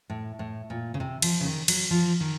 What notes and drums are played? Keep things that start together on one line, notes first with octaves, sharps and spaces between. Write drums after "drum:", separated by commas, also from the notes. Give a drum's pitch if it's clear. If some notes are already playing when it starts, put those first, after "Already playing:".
A2
A2
A#2
C#3
C3
F3, drum: cymbal
C#3
D#3
F#3, drum: cymbal
F3
D#3